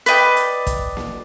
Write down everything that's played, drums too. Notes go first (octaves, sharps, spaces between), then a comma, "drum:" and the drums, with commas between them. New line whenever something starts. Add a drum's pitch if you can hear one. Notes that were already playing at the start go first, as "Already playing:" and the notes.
B4 D5 D#5 G5, drum: hi-hat
drum: hi-hat
drum: kick, hi-hat
drum: snare A#3